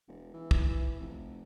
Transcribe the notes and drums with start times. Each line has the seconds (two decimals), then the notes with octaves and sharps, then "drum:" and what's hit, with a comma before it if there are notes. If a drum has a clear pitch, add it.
0.08 E1
0.33 E3
0.51 drum: kick
0.68 E3
1.00 F1